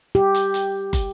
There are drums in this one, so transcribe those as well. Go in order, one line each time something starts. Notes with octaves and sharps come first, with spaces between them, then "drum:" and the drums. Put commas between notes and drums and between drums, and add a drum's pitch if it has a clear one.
G4
drum: hi-hat
drum: hi-hat
drum: kick, hi-hat